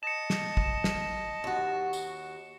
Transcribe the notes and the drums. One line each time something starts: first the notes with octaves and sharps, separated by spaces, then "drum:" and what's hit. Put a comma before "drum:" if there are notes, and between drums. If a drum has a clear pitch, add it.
D#5 A5 C#7 E7
drum: snare
drum: kick
drum: snare
D#2 F#4
drum: tambourine